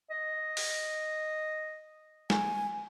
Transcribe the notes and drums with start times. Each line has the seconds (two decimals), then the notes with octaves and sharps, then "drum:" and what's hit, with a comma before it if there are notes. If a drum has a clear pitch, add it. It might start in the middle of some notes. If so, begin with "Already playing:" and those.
0.11 D#5
0.57 drum: open hi-hat
2.30 G#5, drum: snare